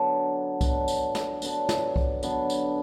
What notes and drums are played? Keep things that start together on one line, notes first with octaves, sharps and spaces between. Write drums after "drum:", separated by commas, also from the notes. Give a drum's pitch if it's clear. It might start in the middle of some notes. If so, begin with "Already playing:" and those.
Already playing: D3 F#3 B3 D4
D3 F#3 B3 D4, drum: kick C2, tambourine
drum: tambourine
drum: snare
D3 F#3 B3 D4, drum: tambourine
drum: snare
drum: kick C2
D3 F#3 B3 D4, drum: tambourine
drum: tambourine